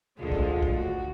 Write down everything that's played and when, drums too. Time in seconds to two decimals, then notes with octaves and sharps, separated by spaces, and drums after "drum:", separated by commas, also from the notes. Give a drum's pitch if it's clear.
0.19 D2 D3 G#3 F4
0.32 drum: kick
0.62 drum: kick
0.77 F#4